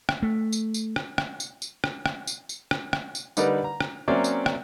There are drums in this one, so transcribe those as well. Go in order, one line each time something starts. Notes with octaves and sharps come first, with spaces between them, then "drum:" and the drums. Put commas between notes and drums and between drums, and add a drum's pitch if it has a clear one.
drum: rim click
A3
drum: tambourine
drum: tambourine
drum: rim click
drum: rim click
drum: tambourine
drum: tambourine
drum: rim click
drum: rim click
drum: tambourine
drum: tambourine
drum: rim click
drum: rim click
drum: tambourine
D3 G3 D#4 A#4 B4 D5, drum: tambourine
A#5
drum: rim click
F#3 A#3 C4 C#4 D5 E5
drum: tambourine
drum: rim click